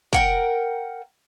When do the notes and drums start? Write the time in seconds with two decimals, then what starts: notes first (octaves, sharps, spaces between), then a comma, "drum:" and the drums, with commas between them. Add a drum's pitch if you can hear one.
0.13 A#4 F#5 G5, drum: kick